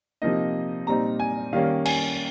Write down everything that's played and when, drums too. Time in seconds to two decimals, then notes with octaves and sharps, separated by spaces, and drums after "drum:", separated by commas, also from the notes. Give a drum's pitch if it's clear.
0.22 C3 F3 A#3 D#4 D#5
0.87 A#2 G3 C4 D#4 A#5
1.20 G#5
1.53 D#3 G3 A#3 C#4 F5
1.85 G#5, drum: cymbal